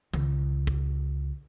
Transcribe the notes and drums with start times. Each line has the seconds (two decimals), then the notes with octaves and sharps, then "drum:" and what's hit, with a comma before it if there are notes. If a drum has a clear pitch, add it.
0.13 C#2, drum: tom D#3
0.67 drum: kick